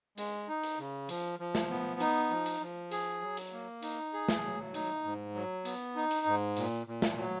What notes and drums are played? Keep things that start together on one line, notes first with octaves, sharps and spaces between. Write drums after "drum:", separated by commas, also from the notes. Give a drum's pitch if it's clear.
G#3, drum: hi-hat
D#4
drum: hi-hat
C#3
F3, drum: hi-hat
F3
drum: snare
B3
D#4, drum: hi-hat
F3
drum: hi-hat
F3
G#4, drum: hi-hat
F#3
drum: hi-hat
A#3
D#4, drum: hi-hat
G#4
drum: snare
F#3
D#4, drum: hi-hat
G#2
F#3
B3, drum: hi-hat
D#4
drum: hi-hat
G#2
A#2, drum: hi-hat
A#2
drum: snare
F#3